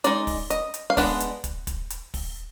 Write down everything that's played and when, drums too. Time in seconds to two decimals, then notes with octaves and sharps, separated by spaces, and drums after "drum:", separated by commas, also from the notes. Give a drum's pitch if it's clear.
0.04 G#3 D#4 D5, drum: hi-hat
0.27 drum: kick, open hi-hat
0.50 D#5, drum: hi-hat
0.74 drum: hi-hat
0.90 F5
0.97 G#3 B3 D4 F#5, drum: kick, open hi-hat
1.20 drum: hi-hat
1.44 drum: kick, hi-hat
1.67 drum: kick, hi-hat
1.90 drum: hi-hat
2.14 drum: kick, open hi-hat